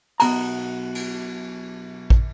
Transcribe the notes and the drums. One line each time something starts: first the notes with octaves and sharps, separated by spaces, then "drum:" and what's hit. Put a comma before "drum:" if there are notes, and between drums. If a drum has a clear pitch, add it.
B1 B2 A#5, drum: cymbal
drum: cymbal
drum: kick